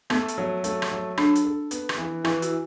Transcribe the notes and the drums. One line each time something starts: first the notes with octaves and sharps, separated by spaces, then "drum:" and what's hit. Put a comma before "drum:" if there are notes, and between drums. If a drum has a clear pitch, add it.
A3 B3, drum: rim click
drum: hi-hat
F#3
A3, drum: hi-hat
drum: rim click
F#3
D4 A4, drum: rim click
drum: hi-hat
A4
B3, drum: hi-hat
drum: rim click
E3
E3 E4, drum: rim click
F#4, drum: hi-hat